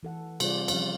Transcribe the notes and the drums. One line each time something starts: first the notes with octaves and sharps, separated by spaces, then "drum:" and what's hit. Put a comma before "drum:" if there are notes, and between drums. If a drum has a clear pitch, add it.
E3 A4 F#5
C3 G3 F4 G#4 C5 D5, drum: cymbal
F3 G3 C#4 F5, drum: cymbal